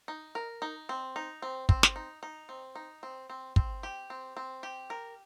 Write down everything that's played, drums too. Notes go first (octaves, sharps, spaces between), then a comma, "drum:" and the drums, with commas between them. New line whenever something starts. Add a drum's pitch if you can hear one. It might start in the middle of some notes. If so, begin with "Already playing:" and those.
D#4
A#4
D#4
C4
D#4
C4
C4, drum: kick
drum: snare
D#4
D#4
C4
D#4
C4
C4
C4, drum: kick
G4
C4
C4
G4
A#4